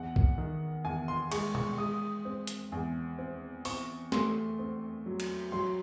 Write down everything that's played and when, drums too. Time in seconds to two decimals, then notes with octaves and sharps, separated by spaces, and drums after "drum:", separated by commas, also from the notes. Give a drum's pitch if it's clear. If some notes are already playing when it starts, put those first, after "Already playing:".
Already playing: E2 F#5
0.16 drum: kick
0.38 D#3
0.85 E2 G#5
1.08 C6
1.32 G#3 C#6, drum: cymbal
1.55 C#6, drum: tom B2
1.78 G#3 D#6
2.25 C4
2.47 drum: hi-hat
2.72 E2
3.18 C4
3.65 C4 C#6, drum: open hi-hat
4.12 A3 C6, drum: snare
4.59 C4
5.06 F#3
5.20 drum: cymbal
5.52 F#3 C6